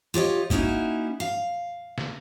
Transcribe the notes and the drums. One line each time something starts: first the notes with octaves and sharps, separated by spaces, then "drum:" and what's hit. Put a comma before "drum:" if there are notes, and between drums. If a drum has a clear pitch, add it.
F4 G4 C#5 D#5
A#3 C#4 D#4 E4 F#4, drum: kick
F5
drum: snare